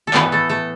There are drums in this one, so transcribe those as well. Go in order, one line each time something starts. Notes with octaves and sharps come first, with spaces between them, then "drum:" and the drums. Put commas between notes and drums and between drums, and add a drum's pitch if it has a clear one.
A4
A2 E3 A3 B3 B4, drum: clap
A3 A4
A3 A4